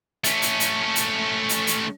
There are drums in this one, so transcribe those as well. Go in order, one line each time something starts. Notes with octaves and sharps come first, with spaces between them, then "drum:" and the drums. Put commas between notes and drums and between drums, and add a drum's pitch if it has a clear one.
A3 C#4, drum: hi-hat
drum: hi-hat
drum: hi-hat
drum: hi-hat
drum: hi-hat
drum: hi-hat